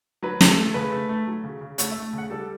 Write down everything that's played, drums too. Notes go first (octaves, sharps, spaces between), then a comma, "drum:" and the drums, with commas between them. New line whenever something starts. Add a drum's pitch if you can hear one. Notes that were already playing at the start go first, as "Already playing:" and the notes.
F#3 B4
A3, drum: snare
A4
A3
C#3 B4
A3
A3
F#3
C#3
C#3
A3 C#5, drum: hi-hat
E5
A3
C#3
F#5
G3 A4